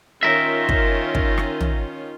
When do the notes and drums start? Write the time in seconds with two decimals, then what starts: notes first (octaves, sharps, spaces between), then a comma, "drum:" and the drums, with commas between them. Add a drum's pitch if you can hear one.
0.23 D#3 C#4 F4 A#4 E5
0.69 drum: kick
1.15 drum: kick
1.38 drum: rim click
1.61 drum: tom